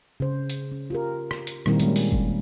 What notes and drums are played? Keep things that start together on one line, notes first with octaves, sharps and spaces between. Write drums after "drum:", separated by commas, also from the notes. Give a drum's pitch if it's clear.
C#3 C5
drum: hi-hat
C#4
F4 G4 A#4
drum: rim click
drum: hi-hat
A#2 D#3 G3 C4 E4 A#4, drum: rim click
G3 G#3 A#3 C#4, drum: hi-hat
drum: open hi-hat
drum: kick F#1